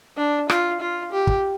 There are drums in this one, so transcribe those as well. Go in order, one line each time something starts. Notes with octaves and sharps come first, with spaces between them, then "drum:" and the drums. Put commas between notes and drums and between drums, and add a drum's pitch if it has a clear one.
D4
F4, drum: rim click
F4
G4
drum: kick